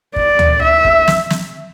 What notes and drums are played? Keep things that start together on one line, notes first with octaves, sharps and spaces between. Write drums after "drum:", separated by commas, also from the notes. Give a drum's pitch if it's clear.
D5, drum: kick
drum: tom D2
E5
drum: kick
drum: snare
drum: snare